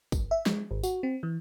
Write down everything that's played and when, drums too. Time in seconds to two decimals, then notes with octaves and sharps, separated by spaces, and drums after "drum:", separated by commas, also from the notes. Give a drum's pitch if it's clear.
0.12 G1, drum: kick, tambourine
0.31 E5
0.46 G#3, drum: snare
0.71 G#1
0.83 F#4, drum: tambourine
1.03 C4
1.23 E3